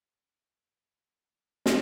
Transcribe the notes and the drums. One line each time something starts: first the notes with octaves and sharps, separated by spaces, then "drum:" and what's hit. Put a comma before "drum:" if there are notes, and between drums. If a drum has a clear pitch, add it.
F2 A3
drum: snare